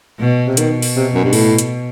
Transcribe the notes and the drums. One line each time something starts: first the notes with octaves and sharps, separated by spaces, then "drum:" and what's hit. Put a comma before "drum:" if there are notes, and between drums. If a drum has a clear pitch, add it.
B2
C3
B2 D#3, drum: hi-hat
drum: open hi-hat
C3
F#2
G2
A2, drum: open hi-hat
drum: hi-hat